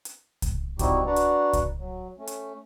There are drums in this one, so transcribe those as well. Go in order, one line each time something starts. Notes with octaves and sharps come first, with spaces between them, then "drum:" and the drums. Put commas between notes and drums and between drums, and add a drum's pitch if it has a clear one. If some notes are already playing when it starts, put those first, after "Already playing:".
drum: hi-hat
drum: kick C2, hi-hat
G3 C4 D#4 E4 F#4 G4, drum: kick C2, hi-hat
D4 F#4 B4 D5 F#5 A#5
drum: hi-hat
drum: kick C2, hi-hat
F#3
A3 C#4
drum: hi-hat